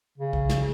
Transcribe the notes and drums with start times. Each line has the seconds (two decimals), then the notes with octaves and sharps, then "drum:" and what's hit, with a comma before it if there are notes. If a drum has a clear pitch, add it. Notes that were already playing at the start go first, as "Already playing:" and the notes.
0.18 C#3
0.33 drum: kick
0.49 drum: snare